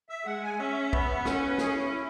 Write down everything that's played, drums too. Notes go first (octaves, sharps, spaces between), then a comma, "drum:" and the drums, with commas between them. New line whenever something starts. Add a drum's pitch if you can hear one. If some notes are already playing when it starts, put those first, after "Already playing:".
E5
G#3 F#5
G#5
C#4 E5
B3, drum: kick
C#4 F#5, drum: snare
B4
G#4, drum: snare
E4